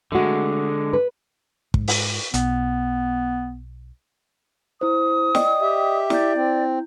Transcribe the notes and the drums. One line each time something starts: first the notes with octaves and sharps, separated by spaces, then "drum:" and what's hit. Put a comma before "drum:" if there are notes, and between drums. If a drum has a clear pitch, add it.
D3 G#3 A3 F#4
B4
G#2, drum: kick
drum: open hi-hat
B1 B3, drum: hi-hat
E4 C5 D#6
D5 D#5 G5, drum: snare
G4 E5
E4 D5 G6, drum: snare
C4